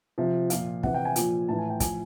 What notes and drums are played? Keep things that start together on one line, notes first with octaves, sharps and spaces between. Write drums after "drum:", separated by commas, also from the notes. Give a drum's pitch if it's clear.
C3 F3
A#2 F3 F5, drum: hi-hat
C3 E3 F#5, drum: kick
G5
G#5
A#2 F3, drum: hi-hat
A2 E3 A5
G#5
G5
A2 F3 G#5, drum: kick, hi-hat